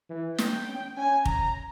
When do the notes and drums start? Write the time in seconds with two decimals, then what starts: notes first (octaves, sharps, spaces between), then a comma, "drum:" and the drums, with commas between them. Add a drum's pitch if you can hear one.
0.09 E3
0.38 G5, drum: snare
0.68 C#4
0.97 C#4 G#5
1.25 A#5, drum: kick